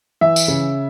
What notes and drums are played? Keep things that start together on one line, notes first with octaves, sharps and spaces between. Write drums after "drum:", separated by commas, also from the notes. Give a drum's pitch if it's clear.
E3 E5
drum: tambourine
C#3